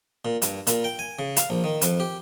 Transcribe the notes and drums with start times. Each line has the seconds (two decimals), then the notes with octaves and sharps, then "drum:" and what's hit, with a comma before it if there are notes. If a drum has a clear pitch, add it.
0.25 A#2
0.42 G2, drum: hi-hat
0.67 A#2, drum: hi-hat
0.84 G5
0.99 G#5
1.19 C#3
1.37 F5, drum: hi-hat
1.50 A#1
1.64 D#3
1.82 F2, drum: hi-hat
2.00 G4